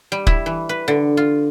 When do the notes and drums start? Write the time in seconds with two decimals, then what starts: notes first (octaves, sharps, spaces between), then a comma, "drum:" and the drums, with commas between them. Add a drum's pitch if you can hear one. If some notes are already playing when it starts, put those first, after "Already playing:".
0.12 G3
0.27 E4, drum: kick
0.46 E3
0.69 B4
0.88 D3
1.17 F4